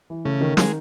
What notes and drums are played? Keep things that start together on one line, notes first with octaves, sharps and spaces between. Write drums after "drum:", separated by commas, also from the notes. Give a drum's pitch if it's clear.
E3
C#3 A3
D#3
G#3 D#4, drum: snare